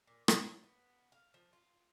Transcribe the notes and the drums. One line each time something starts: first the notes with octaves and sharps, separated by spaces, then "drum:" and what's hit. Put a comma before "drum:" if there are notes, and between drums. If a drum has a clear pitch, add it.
A#2
C#4, drum: rim click
B3
F5
F3
F4